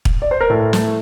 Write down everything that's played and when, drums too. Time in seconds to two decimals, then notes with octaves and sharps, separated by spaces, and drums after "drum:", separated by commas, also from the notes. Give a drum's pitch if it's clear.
0.05 drum: kick
0.22 D5
0.31 C5
0.41 A#4
0.50 A2 A4
0.73 A3, drum: snare